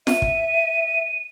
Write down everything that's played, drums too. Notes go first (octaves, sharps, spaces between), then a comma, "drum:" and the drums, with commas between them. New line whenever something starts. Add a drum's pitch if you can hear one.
E5 D#7, drum: snare F4
drum: kick